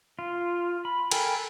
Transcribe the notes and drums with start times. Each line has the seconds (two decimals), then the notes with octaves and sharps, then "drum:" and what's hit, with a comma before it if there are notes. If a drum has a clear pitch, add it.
0.19 F4
0.85 B5
1.11 A4 A#4 G5 G#5 B5, drum: cymbal